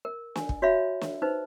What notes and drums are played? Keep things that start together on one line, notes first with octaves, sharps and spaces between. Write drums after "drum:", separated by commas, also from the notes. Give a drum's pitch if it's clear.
A#4
G#5, drum: snare
drum: kick
F#4 C#5 E5 F5 B5
drum: snare
D#4 B4 C5